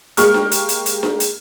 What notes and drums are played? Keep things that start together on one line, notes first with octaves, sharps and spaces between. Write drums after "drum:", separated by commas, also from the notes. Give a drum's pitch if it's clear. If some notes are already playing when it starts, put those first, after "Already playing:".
G#3 A#3 G4 C#6 F6, drum: hi-hat
drum: snare D4
drum: hi-hat
drum: hi-hat
drum: hi-hat
drum: snare D4
drum: hi-hat